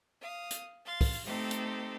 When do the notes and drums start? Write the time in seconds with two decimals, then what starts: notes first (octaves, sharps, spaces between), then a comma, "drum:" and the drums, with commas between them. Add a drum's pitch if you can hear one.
0.21 F5 D#6
0.51 drum: hi-hat
0.85 F5 C6 A6
1.01 drum: kick, open hi-hat
1.26 A3 C4 D#4 G4 A4
1.51 drum: hi-hat